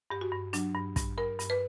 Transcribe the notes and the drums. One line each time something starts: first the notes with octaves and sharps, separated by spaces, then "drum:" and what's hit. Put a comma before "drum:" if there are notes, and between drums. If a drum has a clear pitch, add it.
G2 G4
F#4
G2
F#3 D4, drum: hi-hat
G2
G2, drum: kick, hi-hat
G2 A#4
G2, drum: hi-hat
B4